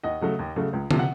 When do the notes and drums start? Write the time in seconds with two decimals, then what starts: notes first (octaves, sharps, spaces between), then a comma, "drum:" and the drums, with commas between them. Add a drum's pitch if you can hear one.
0.03 D#2 D#5 F#5
0.21 C#3 F#3 A3
0.39 D#2
0.56 C#3 F#3 A3
0.73 C#2
0.91 C3 F3, drum: tom D3
0.99 F#5